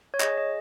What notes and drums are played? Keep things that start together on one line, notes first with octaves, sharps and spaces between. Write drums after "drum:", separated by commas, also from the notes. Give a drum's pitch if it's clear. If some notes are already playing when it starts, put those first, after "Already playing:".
C#5
G#4 D#5, drum: clap
D#5